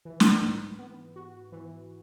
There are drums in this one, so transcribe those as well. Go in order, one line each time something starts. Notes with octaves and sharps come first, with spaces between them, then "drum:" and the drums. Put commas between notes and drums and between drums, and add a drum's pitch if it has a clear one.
E3
drum: snare
G#2
B3
F#4
E3